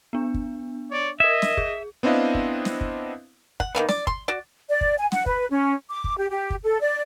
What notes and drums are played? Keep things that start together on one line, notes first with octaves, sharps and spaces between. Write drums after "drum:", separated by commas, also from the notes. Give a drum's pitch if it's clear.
B3 D4
drum: kick
C#5 D5
A#4 D#5 E5 G#6
drum: snare
G#4, drum: kick
B3 C4 D4 E4 D#5 F5
drum: kick
drum: snare
drum: kick
F#5, drum: kick
D#3 E3 A#3 B3
D5, drum: snare
C6, drum: kick
F#4 D5
D5
drum: kick
G#5
F#5, drum: snare
B4, drum: kick
C#4
D6
drum: kick
G4
G4
drum: kick
A4
D5